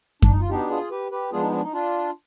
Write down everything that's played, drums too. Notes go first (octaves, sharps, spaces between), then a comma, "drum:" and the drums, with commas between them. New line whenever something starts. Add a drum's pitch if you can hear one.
D4, drum: kick F#2
D#4
F4
B2 B3 D4 D#4 G4
F4 G#4
G4 B4
G4 B4
F3 G#3 B3 D4 F4 G#4
D#4
D4
D#4
D4 F4